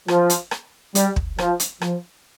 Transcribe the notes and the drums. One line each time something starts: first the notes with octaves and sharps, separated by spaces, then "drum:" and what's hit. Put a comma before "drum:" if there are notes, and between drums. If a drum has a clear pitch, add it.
F3, drum: rim click
drum: hi-hat
drum: rim click
G3, drum: hi-hat
drum: kick
F3, drum: rim click
drum: hi-hat
F3, drum: rim click